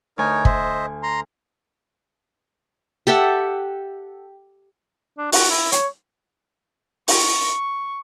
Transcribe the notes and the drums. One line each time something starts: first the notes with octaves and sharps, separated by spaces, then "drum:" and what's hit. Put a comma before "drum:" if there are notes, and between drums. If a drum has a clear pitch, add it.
D2 D#4 A#4 C#5 G#5
C5 D#5 E5, drum: kick
A#5 C6
G4 A4 E5 F#5
D4
F#4, drum: open hi-hat
E4
C#5, drum: hi-hat
C#6, drum: open hi-hat